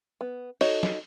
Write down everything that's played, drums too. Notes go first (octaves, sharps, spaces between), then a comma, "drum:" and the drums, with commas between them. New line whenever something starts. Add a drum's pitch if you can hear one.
B3
D#4 F#4 A4 C#5 D#5, drum: open hi-hat
drum: snare